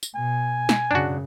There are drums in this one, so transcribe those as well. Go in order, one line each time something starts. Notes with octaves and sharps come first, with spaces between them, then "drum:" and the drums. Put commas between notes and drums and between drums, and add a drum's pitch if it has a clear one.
drum: tambourine
B2 G#5
drum: snare
F#2 C#3 D4 F#4